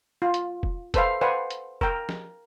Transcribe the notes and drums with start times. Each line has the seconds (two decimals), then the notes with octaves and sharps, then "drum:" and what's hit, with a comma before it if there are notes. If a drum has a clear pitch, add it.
0.22 F4
0.34 drum: hi-hat
0.63 drum: kick
0.94 A4 B4 C5 E5 F5, drum: kick, hi-hat
1.21 B4 C5 D5 F5 F#5 G#5
1.50 drum: hi-hat
1.81 A#4 G5, drum: kick
2.09 drum: snare